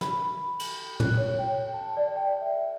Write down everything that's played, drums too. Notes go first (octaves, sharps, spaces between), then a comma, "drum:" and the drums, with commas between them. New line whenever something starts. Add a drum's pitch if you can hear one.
B5, drum: snare
F#7, drum: cymbal
F#6, drum: tom
C#5
G5
A5
D5
G5
E5